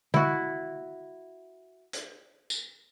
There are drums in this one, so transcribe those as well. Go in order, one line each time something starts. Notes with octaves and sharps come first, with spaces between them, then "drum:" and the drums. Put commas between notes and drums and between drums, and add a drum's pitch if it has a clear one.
E4 F#4, drum: tom
drum: hi-hat
drum: tambourine